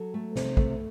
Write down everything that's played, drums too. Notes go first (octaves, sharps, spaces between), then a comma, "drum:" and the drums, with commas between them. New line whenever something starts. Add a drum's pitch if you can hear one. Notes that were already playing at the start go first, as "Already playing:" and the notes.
Already playing: F#3 A4
A3
C3, drum: snare
A3, drum: kick